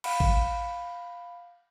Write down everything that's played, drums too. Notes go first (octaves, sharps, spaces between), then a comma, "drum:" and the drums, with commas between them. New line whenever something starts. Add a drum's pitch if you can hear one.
F5 F#5 B5, drum: cymbal
drum: kick A1